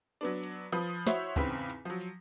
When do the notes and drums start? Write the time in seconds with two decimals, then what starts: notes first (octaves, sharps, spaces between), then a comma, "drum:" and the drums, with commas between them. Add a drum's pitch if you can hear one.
0.21 F#3 B3 D4
0.43 drum: hi-hat
0.72 F3 B4 D#6, drum: hi-hat
1.07 E4 F#4 C5 C#5 E5, drum: snare
1.36 E2 G#2 C#3 C4 B4 B6, drum: kick, open hi-hat
1.70 drum: hi-hat
1.85 F3 F#3
2.01 drum: hi-hat